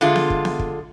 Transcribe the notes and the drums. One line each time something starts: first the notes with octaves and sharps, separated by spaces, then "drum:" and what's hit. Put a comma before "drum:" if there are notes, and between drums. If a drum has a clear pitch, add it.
D3 G#3 F4
drum: snare B3
drum: kick
drum: snare B3
drum: kick